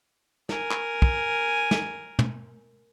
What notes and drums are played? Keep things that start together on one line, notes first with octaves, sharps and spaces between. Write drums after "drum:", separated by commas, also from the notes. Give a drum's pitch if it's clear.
A#4 G#5, drum: snare
drum: clap
drum: kick
drum: snare
drum: tom